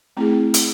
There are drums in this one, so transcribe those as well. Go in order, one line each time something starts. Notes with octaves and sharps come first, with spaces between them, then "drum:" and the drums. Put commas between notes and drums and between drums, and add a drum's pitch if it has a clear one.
A3 C4 E4 G#4
drum: hi-hat